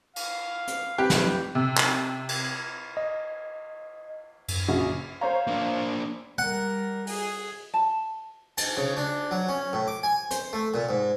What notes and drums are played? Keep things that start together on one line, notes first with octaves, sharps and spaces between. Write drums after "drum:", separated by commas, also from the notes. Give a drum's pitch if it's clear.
F5, drum: cymbal
drum: hi-hat
C4 G4 B4 F#6
drum: snare
C3
drum: clap
drum: cymbal
D#5
F#2, drum: cymbal
A#1 C#3 F#4
C5 C#5 F5 A#5
A#3 D4
G3 A#4 F#5
G#4, drum: open hi-hat
A5
A5, drum: cymbal
C#3
D4
F#3
C#4
A2
D6
G#5
C5, drum: hi-hat
A3
A#2
G#2